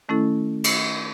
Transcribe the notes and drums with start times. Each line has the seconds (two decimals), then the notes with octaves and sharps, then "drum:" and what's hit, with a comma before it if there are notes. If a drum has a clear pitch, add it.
0.09 D#3 A3 C#4 E4 A4
0.64 drum: cymbal